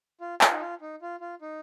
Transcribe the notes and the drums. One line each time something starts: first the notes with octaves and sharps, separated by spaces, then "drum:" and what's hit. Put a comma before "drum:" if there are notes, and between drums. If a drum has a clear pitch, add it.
F4
F4, drum: clap
D#4
F4
D#4
F4
F4
D#4